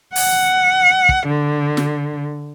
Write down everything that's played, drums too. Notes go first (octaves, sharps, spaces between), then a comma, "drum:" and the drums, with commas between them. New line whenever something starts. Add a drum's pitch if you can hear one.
F#5, drum: open hi-hat
drum: kick
D3
drum: snare